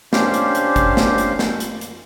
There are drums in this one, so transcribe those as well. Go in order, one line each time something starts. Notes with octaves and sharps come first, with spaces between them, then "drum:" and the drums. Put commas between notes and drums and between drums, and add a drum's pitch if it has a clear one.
C#4 D4 G4 C5 F5, drum: snare
drum: hi-hat
drum: hi-hat
drum: kick G1, hi-hat
drum: snare
drum: hi-hat
drum: snare
drum: hi-hat
drum: hi-hat